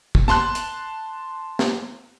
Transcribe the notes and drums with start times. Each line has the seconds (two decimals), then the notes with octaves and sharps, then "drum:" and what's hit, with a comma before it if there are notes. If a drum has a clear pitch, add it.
0.15 drum: kick
0.28 A5 C6 F#6, drum: snare
0.55 drum: hi-hat
1.59 drum: snare